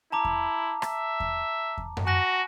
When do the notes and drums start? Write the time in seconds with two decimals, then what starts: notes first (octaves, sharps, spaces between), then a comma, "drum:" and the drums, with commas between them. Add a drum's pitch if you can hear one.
0.12 E4 A5 A#5 D6
0.25 drum: kick E2
0.82 E5, drum: rim click
1.20 drum: kick E2
1.78 drum: kick E2
1.97 drum: tom F#2
2.07 F#4 G#5 F#6 A#6